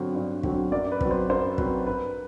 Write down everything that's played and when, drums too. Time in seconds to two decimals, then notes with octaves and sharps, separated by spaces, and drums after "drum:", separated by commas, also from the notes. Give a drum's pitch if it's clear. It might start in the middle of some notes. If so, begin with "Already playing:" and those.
Already playing: G2 D3 F#3 C4
0.15 G2
0.43 D3 F#3 C4, drum: kick
0.72 F#2 D5
0.92 B4
1.01 F#3 C4, drum: kick
1.11 C5
1.30 F#2 C5
1.58 F#3 C4 B4, drum: kick
1.87 G2 B4